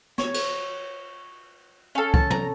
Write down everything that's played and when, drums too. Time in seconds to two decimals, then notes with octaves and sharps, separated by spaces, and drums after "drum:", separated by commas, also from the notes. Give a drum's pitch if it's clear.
0.18 C#5, drum: snare
0.34 drum: cymbal
1.95 C#4 A4 F5
2.14 A5, drum: kick C2
2.31 A#5, drum: tom